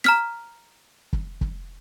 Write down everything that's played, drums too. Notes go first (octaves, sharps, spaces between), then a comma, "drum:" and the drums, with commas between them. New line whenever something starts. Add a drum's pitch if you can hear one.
A#5 F6 B6, drum: snare
drum: kick
drum: kick